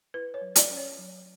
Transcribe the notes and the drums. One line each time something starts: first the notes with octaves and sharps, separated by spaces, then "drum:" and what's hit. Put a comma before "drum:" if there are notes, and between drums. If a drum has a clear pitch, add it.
E4 B4
C#5
F#3
D5, drum: hi-hat
C#4
C#5
F#3